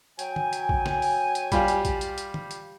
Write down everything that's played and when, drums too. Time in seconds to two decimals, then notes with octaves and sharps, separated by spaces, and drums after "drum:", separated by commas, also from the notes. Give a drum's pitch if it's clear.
0.19 F#3 G5 G#5, drum: hi-hat
0.36 drum: tom
0.53 drum: hi-hat
0.69 drum: kick A1
0.86 drum: snare
1.02 drum: open hi-hat
1.35 drum: hi-hat
1.52 G3 F4 G4, drum: kick A1, hi-hat
1.68 drum: hi-hat
1.85 drum: kick A1, hi-hat
2.01 drum: hi-hat
2.18 drum: hi-hat
2.34 drum: tom
2.51 drum: hi-hat